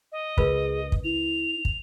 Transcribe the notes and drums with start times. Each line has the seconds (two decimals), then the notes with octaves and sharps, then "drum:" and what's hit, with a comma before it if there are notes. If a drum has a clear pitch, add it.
0.12 D#5
0.38 C#2 F4 G#4 A#4 B4, drum: kick
0.92 drum: kick
1.04 E4 F7
1.65 drum: kick